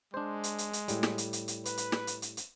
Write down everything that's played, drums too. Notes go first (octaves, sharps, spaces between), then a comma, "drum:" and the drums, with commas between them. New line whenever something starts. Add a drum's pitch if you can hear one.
G#3 D4 C5
drum: hi-hat
drum: hi-hat
drum: hi-hat
A2 G3, drum: hi-hat
drum: snare
drum: hi-hat
drum: hi-hat
drum: hi-hat
B4, drum: hi-hat
drum: hi-hat
drum: snare
drum: hi-hat
drum: hi-hat
drum: hi-hat